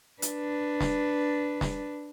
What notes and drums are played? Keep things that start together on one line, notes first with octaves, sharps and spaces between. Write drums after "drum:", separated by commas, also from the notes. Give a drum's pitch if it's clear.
D4 B4, drum: hi-hat
drum: snare
drum: snare